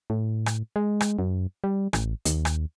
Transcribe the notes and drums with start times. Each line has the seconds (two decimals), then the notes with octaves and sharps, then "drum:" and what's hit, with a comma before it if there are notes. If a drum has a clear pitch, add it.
0.10 A2
0.46 drum: rim click
0.76 G#3
1.00 drum: rim click
1.19 F#2
1.64 G3
1.93 A1, drum: rim click
2.26 D#2, drum: hi-hat
2.45 drum: rim click